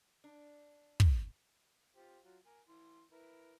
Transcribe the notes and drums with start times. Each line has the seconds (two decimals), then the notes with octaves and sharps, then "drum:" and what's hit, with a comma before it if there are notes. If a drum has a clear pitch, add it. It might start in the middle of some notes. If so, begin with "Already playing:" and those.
0.24 D4
1.00 drum: kick
1.96 F4 G4 C5
2.24 F#3 F4
2.46 A#4 G#5
2.69 E3 C6
3.12 E4 A#4 B4